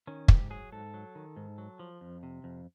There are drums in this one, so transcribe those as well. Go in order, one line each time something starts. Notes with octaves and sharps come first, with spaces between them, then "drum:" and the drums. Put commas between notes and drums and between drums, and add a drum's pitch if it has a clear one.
D#3 C#4
G#2 G4, drum: kick
F#3 G#4
G#2 A4
F#3
D#3
G#2
F#3
F3
F2
C3
F2